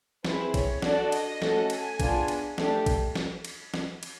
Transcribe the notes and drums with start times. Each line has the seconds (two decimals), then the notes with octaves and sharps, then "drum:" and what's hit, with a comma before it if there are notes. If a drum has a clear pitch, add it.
0.25 C4 E4 G#4 B4, drum: snare
0.54 C#5, drum: kick, cymbal
0.82 D4 F#4 A4 D5, drum: snare
1.12 D#5, drum: cymbal
1.42 A3 C#4 F#4 A4, drum: snare
1.70 G#5, drum: cymbal
2.00 B3 D4 F4 G#4, drum: kick, cymbal
2.28 drum: cymbal
2.58 A3 D4 G4, drum: snare
2.86 drum: kick, cymbal
3.15 drum: snare
3.45 drum: cymbal
3.74 drum: snare
4.03 drum: cymbal